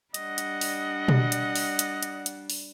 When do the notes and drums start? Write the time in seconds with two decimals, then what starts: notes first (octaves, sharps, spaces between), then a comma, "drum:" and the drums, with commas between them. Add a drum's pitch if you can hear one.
0.14 G3 D4 D#5 F#5, drum: hi-hat
0.38 drum: hi-hat
0.61 drum: open hi-hat
1.08 drum: tom B2
1.32 drum: hi-hat
1.55 drum: open hi-hat
1.79 drum: hi-hat
2.03 drum: hi-hat
2.26 drum: hi-hat
2.50 drum: open hi-hat